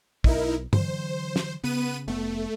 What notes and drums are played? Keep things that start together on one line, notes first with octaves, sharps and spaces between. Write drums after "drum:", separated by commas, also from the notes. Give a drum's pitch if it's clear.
B1 D#4 E4 A#4, drum: kick
D3 E3 F#3 C5, drum: tom G2
drum: snare
C#3 B3 B4 D#7
F1 A3 B3